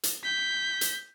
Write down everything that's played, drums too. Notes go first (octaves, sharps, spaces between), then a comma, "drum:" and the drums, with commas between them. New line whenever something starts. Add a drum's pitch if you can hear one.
drum: hi-hat
G6 B6
drum: hi-hat